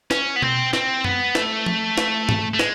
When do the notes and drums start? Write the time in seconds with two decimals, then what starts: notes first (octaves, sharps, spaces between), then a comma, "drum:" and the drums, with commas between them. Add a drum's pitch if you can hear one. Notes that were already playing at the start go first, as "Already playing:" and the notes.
0.11 C#4, drum: snare
0.36 B3
0.42 C4, drum: tom B2
0.73 C4, drum: snare
1.04 B3, drum: tom F#2
1.35 A3, drum: snare
1.66 drum: tom F3
1.98 drum: snare
2.29 drum: tom G#2
2.54 A3
2.59 G#3, drum: snare